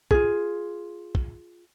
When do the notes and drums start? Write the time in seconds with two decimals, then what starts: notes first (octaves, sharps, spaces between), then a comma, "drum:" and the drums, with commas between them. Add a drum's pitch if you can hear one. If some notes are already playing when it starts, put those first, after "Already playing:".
0.11 F4 G#4, drum: kick
1.15 drum: kick